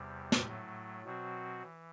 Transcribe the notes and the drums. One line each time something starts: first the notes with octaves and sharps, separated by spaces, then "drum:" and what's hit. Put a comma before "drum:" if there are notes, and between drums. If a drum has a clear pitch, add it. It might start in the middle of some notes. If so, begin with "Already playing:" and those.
Already playing: E2 C3 G3
drum: snare
A2 F#3 A3
B2 F#3 C4 F#4
E3